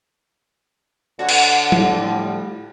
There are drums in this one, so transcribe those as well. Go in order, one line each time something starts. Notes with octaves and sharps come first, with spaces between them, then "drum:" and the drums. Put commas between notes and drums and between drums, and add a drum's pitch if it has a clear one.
D3 F#4 C#5 F#5
drum: cymbal
A2 F3 G3, drum: tom F#3